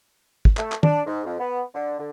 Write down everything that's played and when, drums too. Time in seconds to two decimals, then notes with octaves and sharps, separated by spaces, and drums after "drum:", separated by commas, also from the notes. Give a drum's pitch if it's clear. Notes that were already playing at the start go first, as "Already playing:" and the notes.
0.45 drum: kick
0.57 A3, drum: clap
0.72 drum: clap
0.83 D4, drum: tom
1.06 G#2
1.25 F2
1.39 B3
1.74 D3
1.99 D3